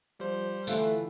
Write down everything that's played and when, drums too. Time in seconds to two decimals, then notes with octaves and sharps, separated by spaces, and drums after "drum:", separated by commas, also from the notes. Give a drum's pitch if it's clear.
0.20 F3 G3 C5
0.67 D3 E3 A3 F4 E5 F#5, drum: tambourine